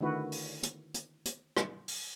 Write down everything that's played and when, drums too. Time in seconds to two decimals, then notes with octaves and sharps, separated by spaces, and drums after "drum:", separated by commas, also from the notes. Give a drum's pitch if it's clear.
0.01 D3 D#3 A3 E4 F#4 B4
0.32 drum: open hi-hat
0.63 drum: hi-hat
0.94 drum: hi-hat
1.25 drum: hi-hat
1.57 drum: rim click
1.88 drum: open hi-hat